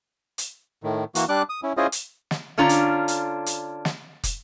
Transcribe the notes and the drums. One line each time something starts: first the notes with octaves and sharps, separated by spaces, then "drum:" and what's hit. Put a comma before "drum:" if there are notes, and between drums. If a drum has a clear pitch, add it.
drum: hi-hat
A2 D#3
E3 A#3 F#4, drum: hi-hat
G3 D4 D6 F#6
D#6
C#4 E4
C#4 E4 F4 G#4 C5 D#5
drum: hi-hat
drum: snare
D3 C#4 D4 F4 A#5
drum: hi-hat
drum: hi-hat
drum: hi-hat
drum: snare
drum: kick, hi-hat